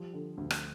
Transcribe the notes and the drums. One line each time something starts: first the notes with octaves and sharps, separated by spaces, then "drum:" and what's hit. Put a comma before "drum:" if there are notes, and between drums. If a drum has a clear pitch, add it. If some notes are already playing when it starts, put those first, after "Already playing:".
Already playing: F3 G3
D3
D2
drum: rim click